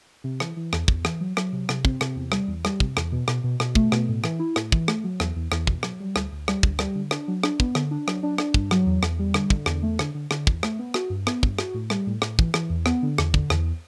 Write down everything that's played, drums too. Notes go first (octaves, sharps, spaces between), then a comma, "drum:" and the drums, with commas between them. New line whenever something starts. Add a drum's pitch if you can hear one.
C3
E3, drum: rim click
E3
E2, drum: rim click
E2, drum: kick
E3, drum: rim click
F#3
F#3, drum: rim click
C3
C3, drum: rim click
C4, drum: kick
C3, drum: rim click
E2
G3, drum: rim click
E2
G3, drum: rim click
C3, drum: kick
E2, drum: rim click
B2
B2, drum: rim click
B2
B2, drum: rim click
A3, drum: kick
B2, drum: rim click
A2
E3, drum: rim click
E4
A2, drum: rim click
E3, drum: kick
A3, drum: rim click
F#3
E2, drum: rim click
E2
E2, drum: rim click
B2, drum: kick
F#3, drum: rim click
G3
D2, drum: rim click
D2
G3, drum: rim click
D2, drum: kick
G3, drum: rim click
D3
D4, drum: rim click
F#3
D4, drum: rim click
B3, drum: kick
D3, drum: rim click
D4
F#3, drum: rim click
D4
D4, drum: rim click
G2, drum: kick
F#3, drum: rim click
E2
E2, drum: rim click
G3
D3, drum: rim click
D3, drum: kick
E2, drum: rim click
A3
D3, drum: rim click
D3
D3, drum: rim click
E2, drum: kick
A3, drum: rim click
B3
F#4, drum: rim click
G2
B3, drum: rim click
G2, drum: kick
F#4, drum: rim click
A2
G3, drum: rim click
A2
A2, drum: rim click
E3, drum: kick
E3, drum: rim click
E2
B3, drum: rim click
D3
E2, drum: rim click
D3, drum: kick
E2, drum: rim click